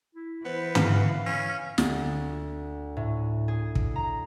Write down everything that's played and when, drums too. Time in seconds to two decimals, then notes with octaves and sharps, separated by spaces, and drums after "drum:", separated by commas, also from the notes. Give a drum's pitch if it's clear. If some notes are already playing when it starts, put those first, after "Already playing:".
0.15 E4
0.45 E3 B3 C5
0.75 F5, drum: tom
1.26 C#4
1.78 D2, drum: snare
2.97 A2
3.48 G#4
3.75 drum: kick
3.96 A#5